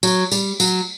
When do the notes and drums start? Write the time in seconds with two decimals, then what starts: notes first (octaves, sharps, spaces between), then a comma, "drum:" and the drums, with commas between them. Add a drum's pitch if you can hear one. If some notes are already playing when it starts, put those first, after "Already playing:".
0.03 F#3, drum: tambourine
0.32 G3, drum: tambourine
0.60 F#3, drum: tambourine